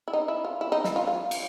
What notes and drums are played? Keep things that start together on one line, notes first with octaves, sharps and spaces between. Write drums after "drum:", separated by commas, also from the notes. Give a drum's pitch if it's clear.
E4
D#4
E4
F4
E4
D#4
E4, drum: snare
F4
F4
drum: cymbal